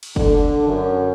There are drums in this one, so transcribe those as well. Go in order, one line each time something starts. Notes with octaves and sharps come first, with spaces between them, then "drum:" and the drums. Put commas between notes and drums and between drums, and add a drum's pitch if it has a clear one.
drum: cymbal
D3, drum: kick F1
F#2